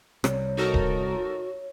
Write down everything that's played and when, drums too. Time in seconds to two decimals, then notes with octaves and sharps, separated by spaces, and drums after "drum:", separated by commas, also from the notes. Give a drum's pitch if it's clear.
0.24 C3 G3 C#5, drum: rim click
0.58 D#4 F#4 A4 A#4
0.74 drum: kick D1